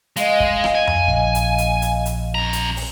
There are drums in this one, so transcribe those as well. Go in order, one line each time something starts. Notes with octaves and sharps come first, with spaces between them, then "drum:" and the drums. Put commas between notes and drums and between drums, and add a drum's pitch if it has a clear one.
G#3 D#5 F5, drum: hi-hat
drum: kick
drum: rim click
G#5
drum: tom F2
A#1
drum: hi-hat
drum: hi-hat
drum: hi-hat
drum: hi-hat
F2 A#5
drum: hi-hat
drum: open hi-hat